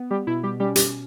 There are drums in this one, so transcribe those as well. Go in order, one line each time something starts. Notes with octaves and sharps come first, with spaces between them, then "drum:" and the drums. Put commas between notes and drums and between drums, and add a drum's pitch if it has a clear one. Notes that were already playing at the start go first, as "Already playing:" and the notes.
Already playing: B3
G3 G4
B2 E4
G3 G4
G3 C#4 G4
G3 G4, drum: hi-hat